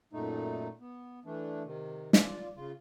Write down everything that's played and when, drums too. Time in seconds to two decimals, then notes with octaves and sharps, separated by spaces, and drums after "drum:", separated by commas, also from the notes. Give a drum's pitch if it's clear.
0.13 F#2 A#2 A3 D#4
0.80 B3
1.25 E3 A3 D4
1.65 C3 D#3
2.13 F4 D5, drum: snare
2.57 C#3 F4